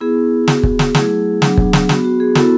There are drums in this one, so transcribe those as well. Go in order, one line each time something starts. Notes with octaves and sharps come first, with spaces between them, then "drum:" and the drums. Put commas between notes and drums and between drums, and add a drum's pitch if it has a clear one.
B3 E4 G#4
B3 F#4, drum: snare
drum: kick
drum: snare
F#3 A3 E4 G#4, drum: snare
F#3 B3 D4, drum: snare
drum: kick
drum: snare
B3 F#4, drum: snare
F#4
G#4
B3 E4 F#4 A4, drum: snare